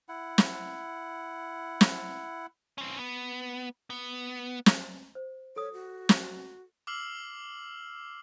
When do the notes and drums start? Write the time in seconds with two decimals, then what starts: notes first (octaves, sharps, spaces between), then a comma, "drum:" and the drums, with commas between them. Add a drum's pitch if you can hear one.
0.09 E4 F#5
0.38 drum: snare
1.81 drum: snare
2.78 C4 C#4
2.98 B3
3.90 B3
4.66 drum: snare
5.15 C5
5.56 A4 C#5 D#6
5.73 F#4
6.09 drum: snare
6.87 D6 E6 F6 C7 F#7